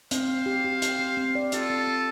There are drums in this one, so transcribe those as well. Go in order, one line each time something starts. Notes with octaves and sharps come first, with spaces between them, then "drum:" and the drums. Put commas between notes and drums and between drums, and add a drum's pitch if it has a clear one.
C4 C5 F5, drum: hi-hat
C4
G4
G4
G4, drum: hi-hat
C4
C4
D5
F4 G4 A4, drum: hi-hat
C4
C4